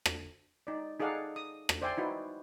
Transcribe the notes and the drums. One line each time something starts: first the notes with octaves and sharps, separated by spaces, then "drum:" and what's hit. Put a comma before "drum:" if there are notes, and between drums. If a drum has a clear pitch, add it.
drum: rim click
D#4 D5
D#4 G#4 A4 D5 F5 F#5
D#6
drum: rim click
C5 D5 E5 G5 G#5 C6
D#4 E4 F#4 B4